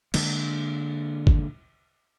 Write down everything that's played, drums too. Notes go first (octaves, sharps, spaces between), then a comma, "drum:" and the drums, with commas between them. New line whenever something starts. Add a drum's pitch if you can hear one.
D3 G#3 A#3, drum: cymbal
drum: kick G1